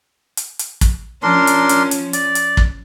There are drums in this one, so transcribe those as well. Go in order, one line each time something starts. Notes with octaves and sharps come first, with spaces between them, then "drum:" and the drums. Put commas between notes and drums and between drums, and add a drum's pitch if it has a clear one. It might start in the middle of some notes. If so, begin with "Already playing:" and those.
drum: hi-hat
drum: hi-hat
drum: kick, hi-hat
F3 C#4 D4 A#4 C6
drum: hi-hat
drum: hi-hat
drum: hi-hat
D5, drum: hi-hat
drum: hi-hat
drum: kick